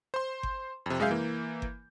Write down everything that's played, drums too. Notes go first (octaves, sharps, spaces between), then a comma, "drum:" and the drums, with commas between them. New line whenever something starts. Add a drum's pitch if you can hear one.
C5 C6
drum: kick G1
F2 C3
F#2 G#3 G#4 E5 F5 G6
E3 A#3
drum: kick G1